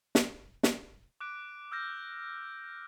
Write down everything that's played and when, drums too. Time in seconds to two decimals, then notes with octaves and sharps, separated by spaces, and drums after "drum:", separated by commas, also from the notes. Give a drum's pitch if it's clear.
0.15 drum: snare
0.63 drum: snare
1.20 D6 F#6 D7
1.72 E6 F6 G6 A#6